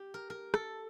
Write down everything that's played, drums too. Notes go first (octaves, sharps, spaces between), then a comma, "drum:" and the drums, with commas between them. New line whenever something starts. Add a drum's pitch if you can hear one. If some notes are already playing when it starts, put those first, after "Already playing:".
Already playing: G4
A#4
A#4
A4, drum: rim click